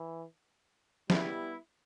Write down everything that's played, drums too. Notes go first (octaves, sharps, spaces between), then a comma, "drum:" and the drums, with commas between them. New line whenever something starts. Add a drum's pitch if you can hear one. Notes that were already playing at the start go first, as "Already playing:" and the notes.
Already playing: E3
G3 B3 E4, drum: snare